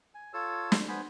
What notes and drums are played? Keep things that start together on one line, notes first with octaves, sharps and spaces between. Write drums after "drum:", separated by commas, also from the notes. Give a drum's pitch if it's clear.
G#5
F4 A4 C#5 E6
drum: snare
B3 C5 G#5 B5